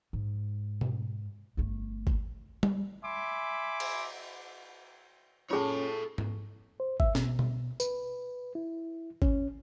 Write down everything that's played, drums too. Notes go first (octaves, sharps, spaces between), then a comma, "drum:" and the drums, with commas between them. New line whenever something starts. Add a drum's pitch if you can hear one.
G#2
drum: tom B2
G1 A3
drum: kick G#1
drum: tom G3
E5 G#5 B5 C6 D6
drum: cymbal
C#4 F4 G#4 A4 C#5 A5
drum: tom G#2
C5
E5, drum: kick G#1
B2, drum: snare
drum: tom B2
B4, drum: tambourine
E4
C#4, drum: kick G#1